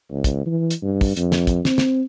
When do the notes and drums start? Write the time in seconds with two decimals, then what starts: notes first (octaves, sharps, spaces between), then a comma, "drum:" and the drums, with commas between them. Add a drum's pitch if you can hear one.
0.11 C#2
0.24 drum: kick, hi-hat
0.46 E3
0.70 drum: hi-hat
0.83 G2
1.01 drum: kick, open hi-hat
1.16 F2, drum: hi-hat
1.32 drum: snare
1.47 drum: kick, hi-hat
1.65 C4, drum: snare
1.78 drum: snare